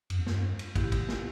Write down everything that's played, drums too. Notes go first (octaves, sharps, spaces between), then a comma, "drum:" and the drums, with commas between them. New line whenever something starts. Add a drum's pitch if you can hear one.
F#2, drum: cymbal
E2
F#2, drum: snare
G2
drum: cymbal
A2 E4 G4, drum: kick, cymbal
drum: kick, cymbal
drum: snare